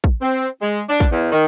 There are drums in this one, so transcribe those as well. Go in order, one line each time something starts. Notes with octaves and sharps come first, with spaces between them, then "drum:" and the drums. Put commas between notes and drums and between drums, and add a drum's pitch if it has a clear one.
drum: kick
C4
G#3
D4
drum: kick
E2
D#3